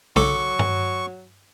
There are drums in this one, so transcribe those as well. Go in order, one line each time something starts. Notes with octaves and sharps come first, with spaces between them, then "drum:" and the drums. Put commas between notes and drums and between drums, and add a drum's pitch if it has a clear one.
B1 F#3 A4 C#6 D6, drum: tom
drum: tom G2